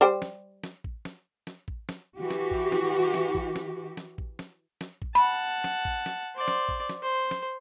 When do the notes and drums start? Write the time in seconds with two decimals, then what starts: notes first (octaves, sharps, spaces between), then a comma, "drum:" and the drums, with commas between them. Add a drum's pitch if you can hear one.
0.01 G3 C5 G5
0.22 drum: snare
0.63 drum: snare
0.84 drum: kick A1
1.05 drum: snare
1.47 drum: snare
1.68 drum: kick A1
1.89 drum: snare
2.15 E3 F#4 G4
2.30 drum: snare
2.51 drum: kick A1
2.72 drum: snare
3.14 drum: snare
3.35 drum: kick A1
3.56 drum: snare
3.97 drum: snare
4.18 drum: kick A1
4.39 drum: snare
4.81 drum: snare
5.02 drum: kick A1
5.15 F#5 A5 B5
5.64 drum: snare
5.85 drum: kick A1
6.06 drum: snare
6.36 C5 D5
6.48 drum: snare
6.69 drum: kick A1
6.89 drum: snare
7.02 C5
7.31 drum: snare